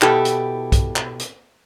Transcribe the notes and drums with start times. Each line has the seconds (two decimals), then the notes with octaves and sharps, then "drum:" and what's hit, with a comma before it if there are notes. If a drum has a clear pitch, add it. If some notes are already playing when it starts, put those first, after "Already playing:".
0.01 B2 E4 G4 A4, drum: clap
0.25 drum: hi-hat
0.72 drum: kick B1, hi-hat
0.96 drum: clap
1.19 drum: hi-hat